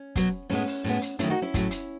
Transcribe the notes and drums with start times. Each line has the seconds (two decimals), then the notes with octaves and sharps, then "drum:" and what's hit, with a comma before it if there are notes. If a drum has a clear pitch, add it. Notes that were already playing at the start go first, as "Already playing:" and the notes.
Already playing: C#4
0.16 B2 F#3 B3, drum: kick, hi-hat
0.50 A2 G#3 B3 C#4, drum: open hi-hat
0.67 drum: open hi-hat
0.84 A2 G#3 B3, drum: open hi-hat
1.02 drum: hi-hat
1.19 D#3 F#3 A3 C#4 E4, drum: hi-hat
1.30 D#4 F#4
1.42 C#4 E4
1.54 A2 F#3 A3, drum: kick, hi-hat
1.71 drum: hi-hat